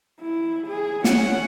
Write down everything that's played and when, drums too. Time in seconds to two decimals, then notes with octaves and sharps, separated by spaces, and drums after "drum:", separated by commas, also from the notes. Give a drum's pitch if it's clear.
0.21 E4
0.67 G#4
1.04 C#4 F#5, drum: snare